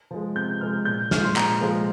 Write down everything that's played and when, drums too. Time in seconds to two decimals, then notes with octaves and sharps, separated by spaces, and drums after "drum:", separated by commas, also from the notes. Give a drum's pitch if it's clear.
0.11 F3 G#3
0.36 C3 G6
0.61 F3 G#3 F6
0.85 A#2 G6
1.11 F3 G#3 F6, drum: snare
1.24 C6
1.36 A#2 A#5, drum: clap
1.61 F3 G#3